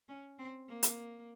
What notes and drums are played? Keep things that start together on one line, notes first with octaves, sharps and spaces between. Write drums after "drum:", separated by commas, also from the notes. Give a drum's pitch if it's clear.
C#4
C4
A#3
drum: hi-hat